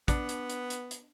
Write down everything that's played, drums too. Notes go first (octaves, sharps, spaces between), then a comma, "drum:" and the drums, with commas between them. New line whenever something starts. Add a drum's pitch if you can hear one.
B3 D4, drum: kick, hi-hat
drum: hi-hat
drum: hi-hat
drum: hi-hat
drum: hi-hat